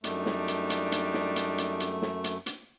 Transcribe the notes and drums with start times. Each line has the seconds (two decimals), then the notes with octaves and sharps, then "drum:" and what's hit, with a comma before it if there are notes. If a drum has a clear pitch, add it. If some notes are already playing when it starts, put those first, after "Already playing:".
0.04 F#2 G3 A3 D4 D#4, drum: hi-hat
0.26 drum: snare
0.48 drum: hi-hat
0.70 drum: hi-hat
0.92 drum: hi-hat
1.14 drum: snare
1.36 drum: hi-hat
1.58 drum: hi-hat
1.80 drum: hi-hat
2.02 drum: snare
2.24 drum: hi-hat
2.46 drum: hi-hat